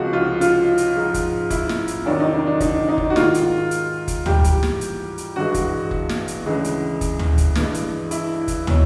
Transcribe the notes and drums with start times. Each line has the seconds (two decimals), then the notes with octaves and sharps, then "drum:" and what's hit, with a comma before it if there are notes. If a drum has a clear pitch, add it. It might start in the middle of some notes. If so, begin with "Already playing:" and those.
Already playing: C#2 C3 F3 G#3 F#4
0.13 F4
0.41 F4, drum: hi-hat
0.78 drum: hi-hat
0.96 G#2 F3 G#3
1.14 drum: kick F#1, hi-hat
1.50 E4, drum: kick F#1, hi-hat
1.69 drum: snare
1.88 drum: hi-hat
2.06 E2 C3 D#3 F#3 D4
2.20 D#4
2.34 D#4
2.47 D4
2.60 D#4, drum: kick F#1, hi-hat
2.89 D#4
2.98 drum: kick F#1
3.10 F#4
3.16 G#2 D#3 G#3 F4, drum: snare
3.34 drum: hi-hat
3.71 drum: hi-hat
4.08 drum: kick F#1, hi-hat
4.26 G#2 E3 G3 G4, drum: tom
4.44 drum: kick F#1, hi-hat
4.63 drum: snare
4.81 drum: hi-hat
5.18 drum: hi-hat
5.36 G2 E3 G#3 F#4
5.54 drum: kick F#1, hi-hat
5.91 drum: kick F#1
6.09 drum: snare
6.28 drum: hi-hat
6.45 D2 C#3 E3 G#3
6.64 drum: hi-hat
7.01 drum: kick F#1, hi-hat
7.19 drum: tom
7.38 drum: kick F#1, hi-hat
7.55 G2 E3 G#3, drum: snare
7.74 drum: hi-hat
8.11 E4, drum: hi-hat
8.48 drum: kick F#1, hi-hat
8.67 B2 F#3, drum: tom